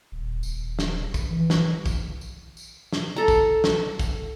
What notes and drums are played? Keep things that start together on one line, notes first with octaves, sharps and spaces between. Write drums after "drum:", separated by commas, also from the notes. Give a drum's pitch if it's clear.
D#1
D#1, drum: tambourine
drum: snare
drum: kick, tambourine
E3
drum: snare
drum: kick, tambourine
drum: tambourine
drum: tambourine
drum: snare
A4 A#5
drum: kick, tambourine
drum: snare
drum: kick, tambourine